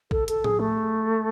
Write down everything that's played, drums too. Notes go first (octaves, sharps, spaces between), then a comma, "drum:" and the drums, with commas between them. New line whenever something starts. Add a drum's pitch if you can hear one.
A4, drum: kick
A4, drum: hi-hat
G#4, drum: tom A2
A3